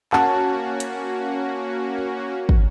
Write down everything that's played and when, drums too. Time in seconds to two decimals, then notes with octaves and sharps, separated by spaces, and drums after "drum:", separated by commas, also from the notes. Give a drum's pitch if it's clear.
0.13 A#3 C#4 F#4 F#5 A5, drum: clap
0.80 drum: hi-hat
2.49 drum: kick